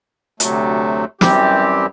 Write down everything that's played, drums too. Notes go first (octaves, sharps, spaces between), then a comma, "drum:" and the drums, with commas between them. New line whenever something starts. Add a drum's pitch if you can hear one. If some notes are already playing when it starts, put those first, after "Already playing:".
D2 C3 F#3 A3, drum: hi-hat
F#2 E3 G3 C4 G4, drum: snare